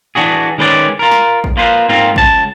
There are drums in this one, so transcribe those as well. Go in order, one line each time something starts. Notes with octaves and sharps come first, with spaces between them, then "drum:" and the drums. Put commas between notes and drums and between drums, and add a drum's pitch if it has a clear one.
E3 D4 F#4 G#4
D#3 G#3 C#4 B4 C5 D5
F4 A#4
drum: snare
drum: kick
A#3 F4 B4 C5
G#2 A#3 C4 F4
C#2 A5, drum: kick